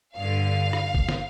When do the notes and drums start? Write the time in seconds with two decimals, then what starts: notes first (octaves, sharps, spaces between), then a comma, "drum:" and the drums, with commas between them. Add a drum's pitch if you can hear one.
0.16 G2 D3 F5
0.73 drum: rim click
0.94 drum: kick
1.09 drum: snare